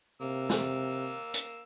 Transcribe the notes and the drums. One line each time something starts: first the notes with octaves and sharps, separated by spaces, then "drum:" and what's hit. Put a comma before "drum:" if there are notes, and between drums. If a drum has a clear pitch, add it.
C3 A#3 E6
drum: snare
drum: hi-hat